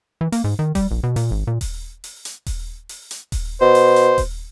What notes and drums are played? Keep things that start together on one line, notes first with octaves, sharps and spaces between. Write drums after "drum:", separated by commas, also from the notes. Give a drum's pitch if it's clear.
E3
A#3, drum: open hi-hat
G#2
D#3
G3, drum: kick D#1, open hi-hat
A#1
B2
A#2, drum: open hi-hat
G#1
A#2
drum: kick D#1, open hi-hat
drum: open hi-hat
drum: hi-hat
drum: kick D#1, open hi-hat
drum: open hi-hat
drum: hi-hat
drum: kick D#1, open hi-hat
B2 C5
drum: open hi-hat
drum: hi-hat
drum: kick D#1, open hi-hat